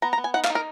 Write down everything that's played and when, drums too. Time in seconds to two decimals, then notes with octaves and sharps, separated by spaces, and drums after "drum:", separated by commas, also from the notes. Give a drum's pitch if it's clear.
0.02 B3 A#5
0.13 A#5
0.18 B3
0.24 G#5
0.34 D#4 F#5
0.44 F5, drum: clap
0.50 D#4
0.55 A#4